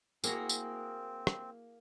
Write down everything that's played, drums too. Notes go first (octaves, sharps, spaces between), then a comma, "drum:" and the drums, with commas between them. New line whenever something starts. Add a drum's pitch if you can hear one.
A#3 C4 E4 F#4 G#4 A#5, drum: tambourine
drum: tambourine
drum: rim click